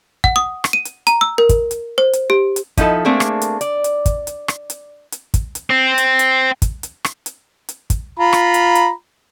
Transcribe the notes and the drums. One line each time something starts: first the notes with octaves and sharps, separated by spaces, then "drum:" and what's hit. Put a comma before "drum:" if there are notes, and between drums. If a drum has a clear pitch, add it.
F#5, drum: kick
D#6
drum: rim click
D#7
drum: hi-hat
A#5, drum: hi-hat
E6
A#4
drum: kick, hi-hat
drum: hi-hat
C5
drum: hi-hat
G4
drum: hi-hat
F3 D#4 E4 A4 A5, drum: kick, hi-hat
A3 A#3 C4 D4 G#4 A4
drum: rim click
drum: hi-hat
D5, drum: hi-hat
drum: hi-hat
drum: kick, hi-hat
drum: hi-hat
drum: rim click
drum: hi-hat
drum: hi-hat
drum: kick, hi-hat
drum: hi-hat
C4
drum: hi-hat
drum: hi-hat
drum: kick, hi-hat
drum: hi-hat
drum: rim click
drum: hi-hat
drum: hi-hat
drum: kick, hi-hat
F4 A#5 B5
drum: rim click
drum: hi-hat
drum: hi-hat